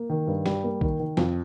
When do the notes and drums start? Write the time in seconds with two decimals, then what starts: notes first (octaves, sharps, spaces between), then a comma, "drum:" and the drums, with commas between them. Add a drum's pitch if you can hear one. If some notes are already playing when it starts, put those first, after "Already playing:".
Already playing: A#3
0.10 D#3
0.27 G2
0.46 G3, drum: snare
0.64 A#3
0.81 D#3, drum: kick B1
1.00 D#3
1.17 F2, drum: snare